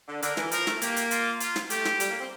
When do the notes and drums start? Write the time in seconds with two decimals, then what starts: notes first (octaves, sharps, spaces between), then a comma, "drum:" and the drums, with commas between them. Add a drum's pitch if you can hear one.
0.08 D3
0.22 D3 A#4, drum: hi-hat
0.37 E3, drum: snare
0.51 F3 A#4, drum: hi-hat
0.67 A3, drum: snare
0.82 A#3 G4, drum: hi-hat
0.96 drum: hi-hat
1.11 F4, drum: hi-hat
1.40 F4, drum: hi-hat
1.56 drum: snare
1.70 A3 G4, drum: hi-hat
1.85 drum: snare
2.00 G3, drum: hi-hat
2.10 A#3
2.20 C4